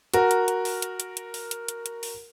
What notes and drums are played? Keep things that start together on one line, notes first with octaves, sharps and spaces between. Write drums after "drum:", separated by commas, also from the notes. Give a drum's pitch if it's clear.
F#4 A#4, drum: hi-hat
drum: hi-hat
drum: hi-hat
drum: open hi-hat
drum: hi-hat
drum: hi-hat
drum: hi-hat
drum: open hi-hat
drum: hi-hat
drum: hi-hat
drum: hi-hat
drum: open hi-hat